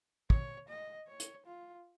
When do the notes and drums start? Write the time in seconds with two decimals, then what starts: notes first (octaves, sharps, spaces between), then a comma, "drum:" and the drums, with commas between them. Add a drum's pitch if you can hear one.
0.30 C#5, drum: kick
0.69 D#5
1.08 C#5
1.20 drum: hi-hat
1.46 F4